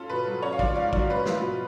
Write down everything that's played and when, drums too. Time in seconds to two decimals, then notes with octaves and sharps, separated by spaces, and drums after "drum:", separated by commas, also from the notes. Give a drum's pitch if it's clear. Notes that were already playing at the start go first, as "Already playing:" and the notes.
Already playing: C#4 F4 A4
0.10 B2 B4
0.27 F#3
0.42 C#4 C#5
0.53 F5
0.59 F4 D5, drum: kick
0.76 G#2 F5
0.93 F#3 D5, drum: kick
1.09 C#4 B4
1.26 F4, drum: snare
1.43 B2